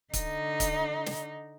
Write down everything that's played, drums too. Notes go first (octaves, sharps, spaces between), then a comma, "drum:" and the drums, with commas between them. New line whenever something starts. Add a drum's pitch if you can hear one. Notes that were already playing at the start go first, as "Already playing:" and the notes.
D3 D#4, drum: kick C#1, hi-hat
drum: kick C#1, hi-hat
drum: snare